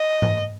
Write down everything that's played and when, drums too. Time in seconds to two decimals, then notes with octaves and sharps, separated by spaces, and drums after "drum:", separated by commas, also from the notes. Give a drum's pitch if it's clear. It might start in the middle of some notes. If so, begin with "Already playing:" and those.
Already playing: D#5
0.22 drum: tom G#2